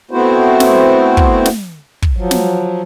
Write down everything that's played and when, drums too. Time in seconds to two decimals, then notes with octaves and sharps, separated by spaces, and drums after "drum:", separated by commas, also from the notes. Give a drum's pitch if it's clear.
0.11 A3 B3 C4 E4 F#4 C5
0.60 drum: snare
1.17 drum: kick
1.46 drum: snare
2.02 drum: kick
2.17 F3 F#3
2.31 drum: snare